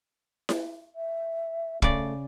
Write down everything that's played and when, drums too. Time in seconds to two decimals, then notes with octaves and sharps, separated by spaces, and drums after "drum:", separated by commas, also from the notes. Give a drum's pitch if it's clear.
0.49 drum: snare E4
0.95 E5
1.82 C#3 A3 D5, drum: kick